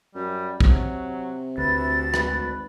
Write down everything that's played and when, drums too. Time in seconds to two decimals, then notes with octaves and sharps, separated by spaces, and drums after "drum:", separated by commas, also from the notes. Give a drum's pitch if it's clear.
0.15 F#2 G3
0.61 C3 F#3, drum: kick
1.58 D2 B4 A6
2.14 G#1 B4, drum: rim click